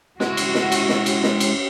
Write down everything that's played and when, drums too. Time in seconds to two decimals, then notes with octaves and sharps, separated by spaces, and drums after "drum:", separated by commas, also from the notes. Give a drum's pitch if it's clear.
0.20 G#3 E4 F#4, drum: snare
0.37 drum: cymbal
0.54 drum: snare
0.72 drum: cymbal
0.89 drum: snare
1.06 drum: cymbal
1.23 drum: snare
1.40 drum: cymbal